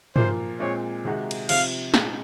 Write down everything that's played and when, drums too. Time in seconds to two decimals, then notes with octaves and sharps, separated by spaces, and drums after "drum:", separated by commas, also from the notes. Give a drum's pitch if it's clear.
0.16 A#2 F3 A#3 F4 C5, drum: tom
0.60 A#2 G#3 C4 F4 C#5
1.05 C3 D#3 G#3 D#4 F#4
1.31 drum: cymbal
1.49 C3 F3 C4 F4 F5, drum: cymbal
1.94 A#2 G#3 D#4, drum: snare